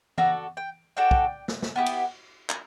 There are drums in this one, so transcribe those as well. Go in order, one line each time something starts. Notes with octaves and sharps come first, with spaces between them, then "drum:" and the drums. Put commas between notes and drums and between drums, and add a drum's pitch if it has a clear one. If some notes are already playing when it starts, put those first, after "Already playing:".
D4 F#4 A4 A#5, drum: tom E3
G5
D4 F#4 A4 G5
drum: kick
drum: snare
drum: snare
B3 E4 G4
drum: cymbal
G#5, drum: clap